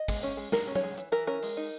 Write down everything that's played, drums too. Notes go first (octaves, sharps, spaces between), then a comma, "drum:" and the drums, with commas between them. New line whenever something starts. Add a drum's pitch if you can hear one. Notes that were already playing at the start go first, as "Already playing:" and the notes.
Already playing: D#5
G#3, drum: kick, open hi-hat
C#4
G#3
G#3 A#4, drum: snare
C#4
C#5, drum: tom F#3
G#3
E3, drum: hi-hat
E3 A#4
C#4 A#4
G#3, drum: open hi-hat
D#4